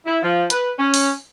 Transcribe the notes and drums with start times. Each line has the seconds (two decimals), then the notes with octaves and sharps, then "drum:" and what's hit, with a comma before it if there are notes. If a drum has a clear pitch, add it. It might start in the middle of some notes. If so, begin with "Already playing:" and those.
0.06 E4
0.22 F3
0.50 B4, drum: hi-hat
0.78 C#4
0.94 drum: open hi-hat